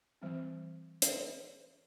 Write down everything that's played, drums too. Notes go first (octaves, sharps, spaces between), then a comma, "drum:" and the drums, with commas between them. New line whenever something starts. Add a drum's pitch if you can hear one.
E3 G3 C4
drum: hi-hat